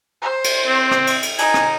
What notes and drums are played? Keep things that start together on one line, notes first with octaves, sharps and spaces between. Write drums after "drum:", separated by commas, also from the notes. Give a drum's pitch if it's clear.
C5
drum: cymbal
C4
drum: rim click
drum: cymbal
drum: cymbal
D#4 G#5, drum: cymbal
drum: rim click